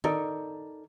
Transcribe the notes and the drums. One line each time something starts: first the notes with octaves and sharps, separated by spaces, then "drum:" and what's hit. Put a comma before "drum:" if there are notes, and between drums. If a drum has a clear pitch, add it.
D#4 A4 A#4 D5, drum: tom D#3